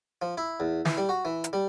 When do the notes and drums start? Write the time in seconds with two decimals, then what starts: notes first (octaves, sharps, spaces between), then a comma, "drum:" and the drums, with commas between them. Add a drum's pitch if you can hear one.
0.22 F3
0.38 E4
0.60 E2
0.85 E3, drum: snare
0.97 G3
1.09 F#4
1.25 E3
1.44 drum: hi-hat
1.53 G3